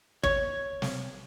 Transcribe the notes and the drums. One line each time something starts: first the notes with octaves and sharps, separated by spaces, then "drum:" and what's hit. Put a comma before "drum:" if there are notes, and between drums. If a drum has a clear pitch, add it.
C#5, drum: kick
drum: snare